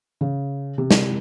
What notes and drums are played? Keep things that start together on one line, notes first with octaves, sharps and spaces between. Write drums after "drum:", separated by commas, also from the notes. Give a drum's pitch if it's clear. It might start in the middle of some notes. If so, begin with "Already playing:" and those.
C#3
C3
drum: snare